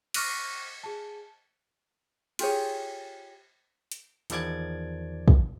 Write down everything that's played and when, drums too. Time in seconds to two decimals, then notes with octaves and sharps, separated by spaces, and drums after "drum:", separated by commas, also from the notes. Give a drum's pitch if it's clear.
0.14 C#6 D6 F6 F#6 A#6 D#7, drum: cymbal
0.83 G#4 A5
2.39 F4 G4 G#4 C#5, drum: cymbal
3.92 drum: hi-hat
4.30 E2 D#3 F3 D5 D6 G#6, drum: hi-hat
5.28 drum: kick